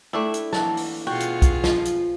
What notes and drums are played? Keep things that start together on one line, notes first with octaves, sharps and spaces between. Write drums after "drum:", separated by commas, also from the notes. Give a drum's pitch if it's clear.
G3 A3 D4 E4
drum: hi-hat
E3 F#3 A#3 A5, drum: snare
drum: open hi-hat
B2 F4 F#4 G#4 G5
drum: hi-hat
drum: kick B1, hi-hat
F3, drum: snare
drum: hi-hat